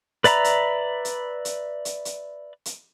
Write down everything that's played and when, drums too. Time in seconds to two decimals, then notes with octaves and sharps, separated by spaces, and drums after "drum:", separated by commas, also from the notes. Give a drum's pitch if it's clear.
0.24 B4 D5 E5 A#5 B5, drum: hi-hat
0.44 drum: hi-hat
1.05 drum: hi-hat
1.45 drum: hi-hat
1.85 drum: hi-hat
2.05 drum: hi-hat
2.65 drum: hi-hat